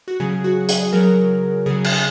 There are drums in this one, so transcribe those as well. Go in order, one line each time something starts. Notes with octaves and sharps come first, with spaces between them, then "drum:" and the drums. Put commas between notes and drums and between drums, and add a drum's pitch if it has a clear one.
F#4
C#3 F#3 G#4
F#4
G#4, drum: hi-hat
C#3 F#3 A#4
C#3 F#3 G#4
G#4, drum: cymbal
G#4